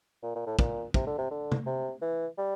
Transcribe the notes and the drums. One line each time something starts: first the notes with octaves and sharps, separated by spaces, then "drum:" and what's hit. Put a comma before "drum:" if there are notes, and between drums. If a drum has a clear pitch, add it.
A#2
A#2
A2
A#2, drum: kick
C3, drum: kick
D3
C3
D3
drum: tom
C3
E3
G3